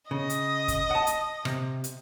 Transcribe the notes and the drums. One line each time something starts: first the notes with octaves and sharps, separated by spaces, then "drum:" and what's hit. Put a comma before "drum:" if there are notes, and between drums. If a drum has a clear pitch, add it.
C#3 D#5
drum: hi-hat
drum: kick, hi-hat
F#5 A5
drum: hi-hat
C3, drum: rim click
drum: hi-hat